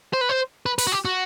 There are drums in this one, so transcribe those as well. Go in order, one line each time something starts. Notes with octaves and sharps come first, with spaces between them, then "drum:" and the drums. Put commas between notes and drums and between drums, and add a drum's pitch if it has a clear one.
C5
B4
C5
B4
B4, drum: open hi-hat
F#4
G4
F#4